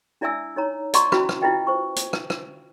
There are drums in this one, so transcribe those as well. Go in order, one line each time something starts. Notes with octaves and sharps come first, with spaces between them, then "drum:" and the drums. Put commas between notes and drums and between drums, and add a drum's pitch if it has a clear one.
D4 E4 D5 E5 G#5 E6
D#4 C#5 A#5
D5 D#5 F#5 A#5 C6 C#6, drum: hi-hat
C#4 E4 F#4 B5, drum: rim click
drum: rim click
E4 F4 B4 D#5 G5
C5 C#6
drum: hi-hat
drum: rim click
drum: rim click